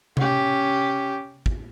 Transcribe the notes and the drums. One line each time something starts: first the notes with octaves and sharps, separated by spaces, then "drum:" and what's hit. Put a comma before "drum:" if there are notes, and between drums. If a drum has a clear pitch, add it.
C#4 G4, drum: tom C3
drum: kick